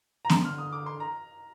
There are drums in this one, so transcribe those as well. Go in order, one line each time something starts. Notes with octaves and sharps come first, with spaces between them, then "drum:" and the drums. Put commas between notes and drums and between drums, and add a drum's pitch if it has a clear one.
A#5
D3 C6, drum: snare B3
F6
D#6
D6
C6
A#5